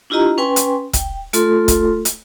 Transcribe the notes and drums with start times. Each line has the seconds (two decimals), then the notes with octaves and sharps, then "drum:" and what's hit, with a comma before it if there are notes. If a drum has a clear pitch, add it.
0.10 D4 E4 F4 G4 D#5 A#5
0.38 C#4 B4 G5 G#5 C6
0.56 drum: hi-hat
0.93 G5, drum: kick, hi-hat
1.33 A3 F4 A4 C6, drum: hi-hat
1.68 drum: kick, hi-hat
2.05 drum: hi-hat